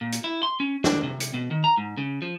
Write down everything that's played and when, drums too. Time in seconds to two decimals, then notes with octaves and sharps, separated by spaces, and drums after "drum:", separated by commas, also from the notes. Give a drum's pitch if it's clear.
0.01 A#2
0.12 drum: hi-hat
0.24 E4
0.43 C6
0.60 C#4
0.84 D4, drum: snare
1.03 C3
1.20 drum: hi-hat
1.34 B2
1.51 D#3
1.64 A#5
1.77 G#2
1.97 C#3
2.22 F3